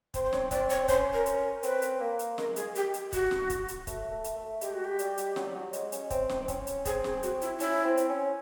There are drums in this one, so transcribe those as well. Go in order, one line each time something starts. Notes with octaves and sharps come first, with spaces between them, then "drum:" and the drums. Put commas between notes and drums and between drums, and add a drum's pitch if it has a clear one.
C4 C5, drum: kick, hi-hat
C5
C#5, drum: snare
C4 D5, drum: kick, hi-hat
C#5, drum: hi-hat
C#4 C5, drum: kick, hi-hat
A#4
drum: hi-hat
A#4
C4 B4, drum: hi-hat
drum: hi-hat
A#3
drum: hi-hat
G#3 A#4, drum: snare
G#4, drum: hi-hat
G4, drum: hi-hat
drum: hi-hat
F#4, drum: kick, hi-hat
drum: snare
drum: kick, hi-hat
drum: hi-hat
A3, drum: kick, hi-hat
A3
drum: hi-hat
A3
G#3 G4, drum: hi-hat
F#4
G4
G3, drum: hi-hat
drum: hi-hat
F#3, drum: snare
G3
F#3
G#3, drum: hi-hat
C#4, drum: hi-hat
C4, drum: kick, hi-hat
drum: snare
C4
C#4, drum: kick, hi-hat
drum: hi-hat
C4 G#4, drum: kick, hi-hat
G#4, drum: snare
F#4, drum: hi-hat
E4, drum: hi-hat
C#4 E4, drum: hi-hat
C4
drum: hi-hat
C#4